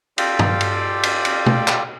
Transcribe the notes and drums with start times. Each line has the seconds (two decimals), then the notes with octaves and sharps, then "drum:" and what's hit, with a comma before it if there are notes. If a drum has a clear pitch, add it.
0.18 F4 G4 A4 D5 F5 G5, drum: cymbal
0.39 drum: tom G2
0.61 drum: cymbal
1.03 drum: cymbal
1.25 drum: cymbal
1.46 drum: tom
1.68 drum: clap